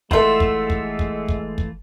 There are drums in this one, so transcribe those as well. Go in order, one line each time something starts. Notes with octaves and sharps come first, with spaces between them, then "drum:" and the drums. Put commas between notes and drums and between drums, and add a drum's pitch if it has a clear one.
E3 G#3 A3 F4 A4 E5 F#5 C6, drum: kick
drum: kick
drum: kick
drum: kick
drum: kick
drum: kick